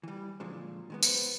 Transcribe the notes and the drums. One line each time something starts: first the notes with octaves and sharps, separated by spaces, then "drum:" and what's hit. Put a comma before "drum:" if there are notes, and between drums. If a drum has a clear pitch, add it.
E3 G3
A#2 D3 F3 F#3 G#3
D#3 G#3 B3
B3 C5, drum: tambourine